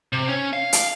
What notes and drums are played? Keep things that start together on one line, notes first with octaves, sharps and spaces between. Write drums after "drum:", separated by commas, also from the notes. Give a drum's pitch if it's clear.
C3
C#4
F5
drum: hi-hat